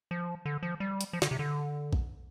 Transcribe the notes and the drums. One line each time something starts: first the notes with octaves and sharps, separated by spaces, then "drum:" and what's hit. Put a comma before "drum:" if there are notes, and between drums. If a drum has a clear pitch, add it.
F3
D3
F3
G3
drum: hi-hat
F3
D3, drum: snare
C3
D3
drum: kick